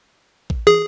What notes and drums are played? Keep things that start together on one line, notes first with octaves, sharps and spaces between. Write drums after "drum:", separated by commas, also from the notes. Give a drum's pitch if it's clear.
drum: kick A1
G#4, drum: tom